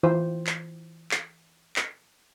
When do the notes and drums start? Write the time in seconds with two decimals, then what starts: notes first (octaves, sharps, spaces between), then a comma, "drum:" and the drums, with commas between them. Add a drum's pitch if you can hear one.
0.03 E3 F4 C5
0.47 drum: clap
1.11 drum: clap
1.76 drum: clap